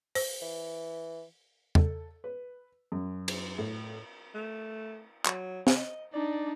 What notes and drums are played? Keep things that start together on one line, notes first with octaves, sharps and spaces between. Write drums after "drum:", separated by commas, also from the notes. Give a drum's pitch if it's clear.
C5, drum: open hi-hat
E3
A4, drum: tom E2
B4
F#2
drum: cymbal
A2
A3
F#3, drum: clap
drum: snare
D#5
D4 D#4 D5